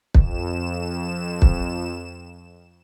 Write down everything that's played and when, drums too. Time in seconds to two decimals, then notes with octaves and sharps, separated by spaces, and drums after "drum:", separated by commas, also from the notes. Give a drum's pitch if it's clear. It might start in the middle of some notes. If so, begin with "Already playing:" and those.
0.15 F2 E7, drum: kick
1.42 drum: kick